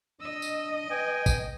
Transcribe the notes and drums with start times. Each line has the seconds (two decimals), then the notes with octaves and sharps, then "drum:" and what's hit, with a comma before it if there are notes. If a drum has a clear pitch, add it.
0.21 D4 D#5 E6
0.42 drum: tambourine
0.90 B4 G5 G#5
1.26 drum: kick A1, tambourine